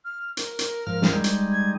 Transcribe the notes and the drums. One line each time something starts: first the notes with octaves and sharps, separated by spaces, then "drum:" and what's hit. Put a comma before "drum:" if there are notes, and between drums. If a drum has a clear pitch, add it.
F6
A#4, drum: hi-hat
drum: hi-hat
G#2 F3 F6
drum: snare
G3 G#3 D#4
drum: hi-hat
G#6